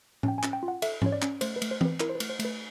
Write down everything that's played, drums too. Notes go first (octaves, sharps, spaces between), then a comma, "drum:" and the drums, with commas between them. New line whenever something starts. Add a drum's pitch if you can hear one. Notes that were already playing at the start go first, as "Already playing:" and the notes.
C#4, drum: tom A2
G5
G#5
C#4, drum: clap
G5
F4
F#5
A4 E5, drum: cymbal
C#4 C#5, drum: tom G#2
D5
C#4, drum: clap
A3 C5, drum: cymbal
B4
A3, drum: cymbal
C5
C4 B4, drum: tom E3
E4 A#4, drum: clap
C5
B4
A3, drum: cymbal
C5
A3, drum: cymbal
B4